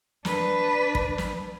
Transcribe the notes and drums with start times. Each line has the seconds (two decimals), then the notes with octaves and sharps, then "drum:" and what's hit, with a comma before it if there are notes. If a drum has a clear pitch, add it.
0.25 D4 B4, drum: snare
0.95 drum: kick
1.18 drum: snare